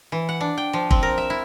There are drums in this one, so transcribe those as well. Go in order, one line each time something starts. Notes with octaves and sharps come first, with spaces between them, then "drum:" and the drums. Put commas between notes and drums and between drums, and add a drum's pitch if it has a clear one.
E3
F#5
D4
G5
F3
C4, drum: kick
A#4
E5
E4